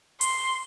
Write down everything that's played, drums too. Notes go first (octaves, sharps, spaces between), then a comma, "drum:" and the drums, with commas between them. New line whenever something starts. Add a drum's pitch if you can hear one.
C6, drum: hi-hat